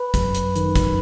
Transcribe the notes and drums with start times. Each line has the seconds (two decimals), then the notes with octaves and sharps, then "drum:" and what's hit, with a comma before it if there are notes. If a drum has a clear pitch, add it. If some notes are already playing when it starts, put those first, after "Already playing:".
Already playing: B4
0.14 F#2, drum: kick, hi-hat
0.35 drum: hi-hat
0.56 D#3, drum: hi-hat
0.76 drum: kick, hi-hat